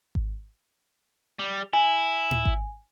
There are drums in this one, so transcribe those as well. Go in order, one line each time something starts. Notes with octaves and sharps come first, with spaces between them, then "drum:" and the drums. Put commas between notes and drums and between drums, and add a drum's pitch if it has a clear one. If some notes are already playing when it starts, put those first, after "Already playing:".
drum: kick G#1
G3
E4 G#5
drum: tom A2
drum: kick G#1